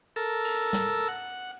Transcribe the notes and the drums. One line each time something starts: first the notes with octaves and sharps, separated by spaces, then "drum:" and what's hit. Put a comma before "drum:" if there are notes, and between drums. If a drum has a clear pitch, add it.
A4 A#4 E6
drum: cymbal
drum: snare
F#5